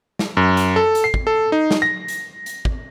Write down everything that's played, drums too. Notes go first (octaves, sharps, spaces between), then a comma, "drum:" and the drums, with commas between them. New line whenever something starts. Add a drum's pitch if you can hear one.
drum: snare
F#2
drum: hi-hat
A4
drum: hi-hat
C7
drum: kick
A4
D#4
drum: snare
A#6
drum: hi-hat
drum: hi-hat
drum: kick